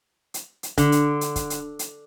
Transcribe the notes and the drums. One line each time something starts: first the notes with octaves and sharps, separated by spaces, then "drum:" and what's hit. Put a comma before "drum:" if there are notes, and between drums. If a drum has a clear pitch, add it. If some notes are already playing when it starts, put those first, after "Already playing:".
drum: hi-hat
drum: hi-hat
D3, drum: kick, hi-hat
drum: hi-hat
drum: hi-hat
drum: kick, hi-hat
drum: hi-hat
drum: hi-hat